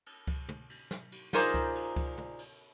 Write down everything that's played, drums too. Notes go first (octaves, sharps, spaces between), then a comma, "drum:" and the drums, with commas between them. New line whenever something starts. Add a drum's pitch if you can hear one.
drum: cymbal
drum: kick C#2, cymbal
drum: tom
drum: cymbal
drum: snare
drum: cymbal
D#4 F4 G#4 A#4 C5 D5, drum: snare
drum: kick C#2, cymbal
drum: cymbal
drum: kick C#2, cymbal
drum: tom
drum: cymbal